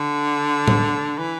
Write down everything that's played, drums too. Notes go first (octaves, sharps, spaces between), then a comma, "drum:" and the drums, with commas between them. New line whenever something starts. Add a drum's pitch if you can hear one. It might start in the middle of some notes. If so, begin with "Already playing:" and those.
Already playing: D3
drum: tom A2
E3